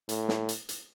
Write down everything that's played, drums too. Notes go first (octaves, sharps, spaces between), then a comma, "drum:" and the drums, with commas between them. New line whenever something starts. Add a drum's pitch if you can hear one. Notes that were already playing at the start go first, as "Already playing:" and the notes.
A2, drum: hi-hat
drum: snare
drum: hi-hat
drum: hi-hat